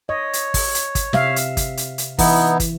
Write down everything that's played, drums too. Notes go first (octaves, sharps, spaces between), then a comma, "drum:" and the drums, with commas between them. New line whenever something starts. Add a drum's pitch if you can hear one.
C#5 D#5
drum: hi-hat
drum: kick, open hi-hat
drum: hi-hat
drum: kick, hi-hat
C3 E5 F5, drum: snare
drum: hi-hat
drum: kick, hi-hat
drum: hi-hat
drum: hi-hat
E3 B3 D#4 E4, drum: kick, open hi-hat
drum: kick, hi-hat